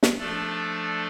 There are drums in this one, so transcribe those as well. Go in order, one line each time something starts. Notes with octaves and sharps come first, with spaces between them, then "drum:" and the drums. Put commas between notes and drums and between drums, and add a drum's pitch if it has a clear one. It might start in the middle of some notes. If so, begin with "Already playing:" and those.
drum: snare
F3 A3 D4 A4 D5